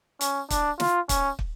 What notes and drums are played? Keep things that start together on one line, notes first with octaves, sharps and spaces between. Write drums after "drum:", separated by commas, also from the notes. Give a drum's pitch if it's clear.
C#4, drum: hi-hat
D4, drum: kick, hi-hat
F4, drum: snare
C#4, drum: kick, hi-hat
drum: kick